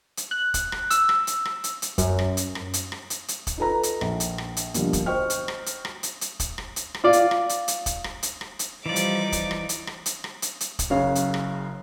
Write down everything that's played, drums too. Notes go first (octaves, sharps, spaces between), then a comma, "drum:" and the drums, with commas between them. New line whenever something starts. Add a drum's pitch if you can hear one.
drum: hi-hat
F#6
drum: kick, hi-hat
drum: rim click
E6, drum: hi-hat
drum: rim click
drum: hi-hat
drum: rim click
drum: hi-hat
drum: hi-hat
F#2, drum: kick, hi-hat
drum: rim click
drum: hi-hat
drum: rim click
drum: hi-hat
drum: rim click
drum: hi-hat
drum: hi-hat
drum: kick, hi-hat
D#4 F4 A4 B4 A#5
drum: hi-hat
A#1, drum: rim click
drum: hi-hat
drum: rim click
drum: hi-hat
B2 D3 F3 G3 A#3, drum: hi-hat
drum: kick, hi-hat
F#4 C5 D#5 G5 C#6 F6
drum: hi-hat
drum: rim click
drum: hi-hat
drum: rim click
drum: hi-hat
drum: hi-hat
drum: kick, hi-hat
drum: rim click
drum: hi-hat
drum: rim click
F4 D5
drum: hi-hat
drum: rim click
drum: hi-hat
drum: hi-hat
drum: kick, hi-hat
drum: rim click
drum: hi-hat
drum: rim click
drum: hi-hat
E3 F3 G3 D#4 D5 D6
drum: hi-hat
drum: kick, hi-hat
drum: rim click
drum: hi-hat
drum: rim click
drum: hi-hat
drum: rim click
drum: hi-hat
drum: hi-hat
drum: kick, hi-hat
F#1 F#2 C#3 C#5 F5
drum: hi-hat
drum: rim click